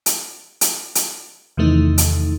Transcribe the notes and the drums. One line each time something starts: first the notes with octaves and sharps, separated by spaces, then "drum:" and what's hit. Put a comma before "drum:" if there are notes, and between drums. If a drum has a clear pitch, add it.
drum: hi-hat
drum: hi-hat
drum: hi-hat
E2 C3 D#3 E3 A3 D#4
drum: hi-hat